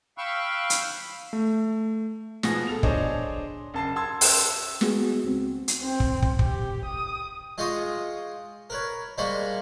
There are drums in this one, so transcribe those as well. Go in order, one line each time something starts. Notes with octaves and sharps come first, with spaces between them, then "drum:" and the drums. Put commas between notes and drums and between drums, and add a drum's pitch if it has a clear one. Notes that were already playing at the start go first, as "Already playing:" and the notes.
F5 G5 B5 C#6 E6 F#6
drum: hi-hat
A3
B2 F3 F#4 G#4 A#6, drum: snare
A4 F7
D4 G#4 C5 C#5 D#5, drum: kick
F#1 A5 C7
A5 C6 E6 G#6
G5 E6, drum: open hi-hat
G#3 B3 F#4 G#4, drum: snare
C#2 C4
drum: hi-hat
C4
drum: kick
drum: kick
G4, drum: kick
D#6
G#3 F4 D#5 G5 C#6 D#6
A#4 B4 C#5
G3 G#3 A#3 C5 B5 C#6